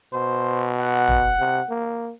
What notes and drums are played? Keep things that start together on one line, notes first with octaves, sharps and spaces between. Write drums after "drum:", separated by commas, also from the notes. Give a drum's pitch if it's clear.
B2 C5
F#5
drum: tom
C3
A#3